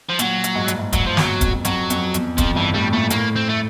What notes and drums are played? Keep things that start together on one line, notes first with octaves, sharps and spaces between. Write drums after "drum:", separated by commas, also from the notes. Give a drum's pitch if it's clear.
F3
A#2 F#3, drum: hi-hat
drum: hi-hat
G#2
G2, drum: hi-hat
G#2
G2 F#3, drum: kick, hi-hat
F3
E2 F#3, drum: snare
F2, drum: kick, hi-hat
F2 F#3, drum: hi-hat
F2, drum: hi-hat
E2, drum: hi-hat
F2 F3, drum: kick, hi-hat
G2 E3
A2 G3
A#2 A3
A2 A#3, drum: hi-hat
C4
A3